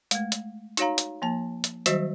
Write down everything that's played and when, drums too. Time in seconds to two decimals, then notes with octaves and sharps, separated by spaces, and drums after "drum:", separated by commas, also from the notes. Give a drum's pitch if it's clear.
0.11 G#3 A3, drum: hi-hat
0.32 drum: hi-hat
0.77 D#4 F#4 C#5 F5 A#5, drum: hi-hat
0.98 drum: hi-hat
1.22 F3 A#3 A5
1.64 drum: hi-hat
1.86 D#3 F#3 G3 F#4 C5 D#5, drum: hi-hat